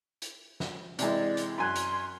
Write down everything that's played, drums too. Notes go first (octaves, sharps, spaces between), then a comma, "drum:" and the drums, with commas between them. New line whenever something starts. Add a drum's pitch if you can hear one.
drum: hi-hat
drum: snare
C3 E3 G#3 D5, drum: hi-hat
drum: hi-hat
F#2 G#5 C6 F#6
drum: hi-hat